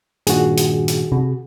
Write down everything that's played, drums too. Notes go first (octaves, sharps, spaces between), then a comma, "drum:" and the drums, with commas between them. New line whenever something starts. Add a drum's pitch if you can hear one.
G2 A#2 D#3 F#4 G#4, drum: hi-hat
drum: hi-hat
drum: hi-hat
C3